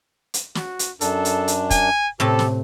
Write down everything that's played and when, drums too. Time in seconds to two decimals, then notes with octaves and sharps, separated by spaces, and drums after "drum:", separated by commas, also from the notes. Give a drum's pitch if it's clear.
0.34 drum: hi-hat
0.55 F#4, drum: snare
0.79 drum: hi-hat
1.01 F#2 D4 A4, drum: hi-hat
1.25 drum: hi-hat
1.48 drum: hi-hat
1.70 G#5, drum: kick, hi-hat
2.20 A2 C3 G4 A4 A5
2.39 drum: snare